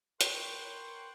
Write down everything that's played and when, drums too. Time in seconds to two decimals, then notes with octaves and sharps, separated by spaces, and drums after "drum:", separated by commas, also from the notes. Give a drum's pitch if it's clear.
0.21 A#4 B4 C#5 F#5 G5 C6, drum: hi-hat